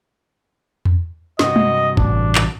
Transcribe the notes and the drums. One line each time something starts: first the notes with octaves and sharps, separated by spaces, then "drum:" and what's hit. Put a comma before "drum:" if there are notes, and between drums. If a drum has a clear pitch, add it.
drum: tom E2
G2 C3 F#4 D#5, drum: snare
drum: tom G#3
A1 D4, drum: kick
drum: clap